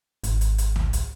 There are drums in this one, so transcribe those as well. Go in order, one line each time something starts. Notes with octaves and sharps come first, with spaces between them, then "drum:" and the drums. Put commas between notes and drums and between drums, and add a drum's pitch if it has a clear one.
G#1, drum: hi-hat
drum: hi-hat
drum: hi-hat
drum: tom C#2
drum: hi-hat